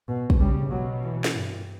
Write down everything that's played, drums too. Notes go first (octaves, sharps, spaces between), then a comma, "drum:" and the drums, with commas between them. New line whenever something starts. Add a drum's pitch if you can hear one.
B2
drum: kick
C#3 G3
B2 F#3
E3
drum: snare
G2